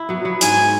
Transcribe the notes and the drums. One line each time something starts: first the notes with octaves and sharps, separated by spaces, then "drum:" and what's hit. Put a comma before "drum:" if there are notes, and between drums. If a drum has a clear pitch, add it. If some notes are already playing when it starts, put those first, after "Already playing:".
Already playing: E4
F#3 B3
F#3 B3
G#2 G#5, drum: hi-hat